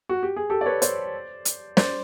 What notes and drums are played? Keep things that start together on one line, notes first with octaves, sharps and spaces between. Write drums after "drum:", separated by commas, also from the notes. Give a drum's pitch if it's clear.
F#4
G4
G#4
G4 A4
D5
B4 C#5
C5 D5, drum: hi-hat
drum: hi-hat
C5 D5, drum: snare